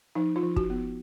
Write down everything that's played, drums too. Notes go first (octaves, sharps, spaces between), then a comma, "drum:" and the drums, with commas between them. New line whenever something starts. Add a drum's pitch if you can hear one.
F3 D#4
F4
F3
F#4, drum: kick
B3